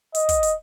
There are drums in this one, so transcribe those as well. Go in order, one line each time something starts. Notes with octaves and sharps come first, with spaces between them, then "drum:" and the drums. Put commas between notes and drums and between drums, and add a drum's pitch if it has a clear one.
D#5, drum: hi-hat
drum: kick, hi-hat
drum: hi-hat